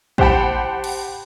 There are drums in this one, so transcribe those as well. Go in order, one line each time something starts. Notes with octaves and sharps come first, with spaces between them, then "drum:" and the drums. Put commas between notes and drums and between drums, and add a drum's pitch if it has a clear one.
G4 C5 F#5 G5 A5 B5, drum: kick
drum: cymbal